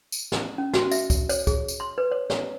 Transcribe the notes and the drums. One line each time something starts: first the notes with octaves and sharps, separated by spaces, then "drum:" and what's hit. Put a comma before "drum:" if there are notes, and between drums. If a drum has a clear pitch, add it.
drum: tambourine
drum: snare
C#4
F#4, drum: snare
E5, drum: tambourine
drum: kick, tambourine
C#5, drum: tambourine
G#4, drum: kick, tambourine
drum: tambourine
C6
B4
C#5
C#5, drum: snare